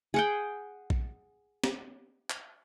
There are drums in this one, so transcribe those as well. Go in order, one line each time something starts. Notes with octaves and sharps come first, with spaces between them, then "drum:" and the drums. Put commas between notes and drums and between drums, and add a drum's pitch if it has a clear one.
G#4 F#5 G5
drum: kick A#1
drum: snare C4
drum: clap